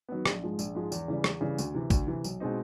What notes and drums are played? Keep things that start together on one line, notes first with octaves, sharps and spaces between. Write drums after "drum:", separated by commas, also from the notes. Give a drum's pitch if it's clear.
D#3 F#3 B3
A#1, drum: rim click
G#2 F3 G#3
A#1, drum: tambourine
G#2 F3 G#3
E2, drum: tambourine
C#3 E3 G3
E2, drum: rim click
C#3 E3 G3
D2, drum: tambourine
C3 E3
D2, drum: kick G#1, tambourine
C3 E3
B1, drum: tambourine
B2 G#3 C4 D#4